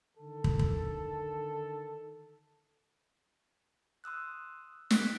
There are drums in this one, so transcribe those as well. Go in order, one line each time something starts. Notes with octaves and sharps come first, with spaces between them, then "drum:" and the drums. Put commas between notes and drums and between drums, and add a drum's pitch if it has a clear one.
D3 D#3 A4
drum: kick
drum: kick
C6 D#6 E6 F#6
F#6 B6 D7, drum: snare